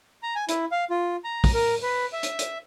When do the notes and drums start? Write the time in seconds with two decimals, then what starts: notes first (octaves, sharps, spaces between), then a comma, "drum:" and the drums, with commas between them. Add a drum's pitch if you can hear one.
0.23 A#5
0.35 G#5
0.49 E4, drum: hi-hat
0.72 F5
0.90 F4
1.24 A#5
1.44 drum: kick, open hi-hat
1.54 A#4
1.83 B4
2.13 E5
2.23 drum: hi-hat
2.39 drum: hi-hat